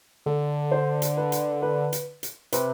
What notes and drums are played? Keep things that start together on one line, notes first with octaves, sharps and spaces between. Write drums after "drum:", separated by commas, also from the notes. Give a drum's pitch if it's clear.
D3 A4
C5
drum: hi-hat
B4
drum: hi-hat
B4
drum: hi-hat
drum: hi-hat
C3 B4, drum: hi-hat